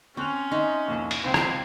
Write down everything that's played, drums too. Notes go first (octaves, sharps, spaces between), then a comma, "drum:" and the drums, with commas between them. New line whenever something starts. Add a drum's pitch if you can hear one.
C4 C#4 C#6 F#6 F7
D#4 E5 G#5 C6
C2 F2 A#2
drum: cymbal
C#2 F3 C4
drum: rim click